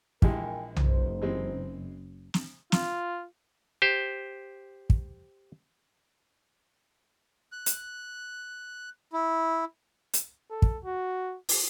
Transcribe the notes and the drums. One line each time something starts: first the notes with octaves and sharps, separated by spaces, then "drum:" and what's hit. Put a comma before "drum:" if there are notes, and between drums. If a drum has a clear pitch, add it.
A#1 E3 G#3 A#4 G5 G#5, drum: kick
F#1 C#2 D#4 C5, drum: tom B1
E3 G#3 C4
drum: snare
F4, drum: snare
G4 C5
drum: kick
F#6
drum: hi-hat
E4
drum: hi-hat
A4
drum: kick
F#4
drum: open hi-hat